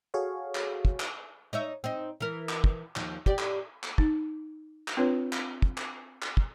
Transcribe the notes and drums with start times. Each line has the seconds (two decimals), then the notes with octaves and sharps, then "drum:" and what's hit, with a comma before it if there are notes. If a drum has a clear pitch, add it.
0.14 F#4 G#4 A4 C#5 F5
0.55 drum: clap
0.85 drum: kick
1.00 drum: clap
1.53 D#4 C#5 E5
1.84 C4 D#4
2.20 E3 A#4
2.49 drum: clap
2.64 drum: kick
2.96 D#2 F3, drum: clap
3.26 G4 D5, drum: kick
3.38 drum: clap
3.83 drum: clap
3.98 D#4, drum: kick
4.88 drum: clap
4.97 C4 D4 F4 B4 C#5
5.33 drum: clap
5.62 drum: kick
5.77 drum: clap
6.22 drum: clap
6.37 drum: kick